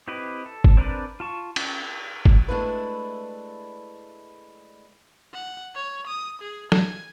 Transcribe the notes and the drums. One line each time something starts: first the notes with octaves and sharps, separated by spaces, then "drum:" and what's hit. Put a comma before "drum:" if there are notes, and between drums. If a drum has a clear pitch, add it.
C4 E4 G4 B4 D#5
A4
drum: kick G1
C4 D4 A#4 B4 D5
F4 A5 C#6
C#4, drum: cymbal
drum: kick G1
G#3 A3 D4 E4 B4
F#5
C#5
D#6
G#4
G#5, drum: snare